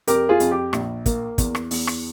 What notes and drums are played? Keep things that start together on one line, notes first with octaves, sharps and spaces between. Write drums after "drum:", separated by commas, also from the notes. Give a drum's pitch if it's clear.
F2 G4 A#4, drum: hi-hat
F4 G#4
F2, drum: hi-hat
G4
A#1, drum: rim click
A#3, drum: kick, hi-hat
E2, drum: kick, hi-hat
drum: rim click
E2, drum: open hi-hat
drum: rim click